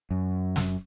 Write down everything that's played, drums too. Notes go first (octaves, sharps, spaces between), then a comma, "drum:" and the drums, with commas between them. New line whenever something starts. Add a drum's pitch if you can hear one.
F#2
drum: snare